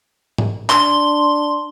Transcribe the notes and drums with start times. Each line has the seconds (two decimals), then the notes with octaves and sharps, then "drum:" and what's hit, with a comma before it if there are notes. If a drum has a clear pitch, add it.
0.38 drum: tom G#2
0.70 D4 C6, drum: clap